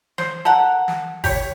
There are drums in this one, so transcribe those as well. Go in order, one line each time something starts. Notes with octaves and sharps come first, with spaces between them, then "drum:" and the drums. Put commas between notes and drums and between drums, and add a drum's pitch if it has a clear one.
C5, drum: snare
A4 A#4 F#5
drum: snare
G4 C#5, drum: kick G#1, open hi-hat